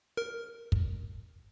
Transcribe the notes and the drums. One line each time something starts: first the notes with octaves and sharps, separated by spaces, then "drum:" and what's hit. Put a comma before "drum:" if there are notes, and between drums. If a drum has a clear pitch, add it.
A#4
drum: kick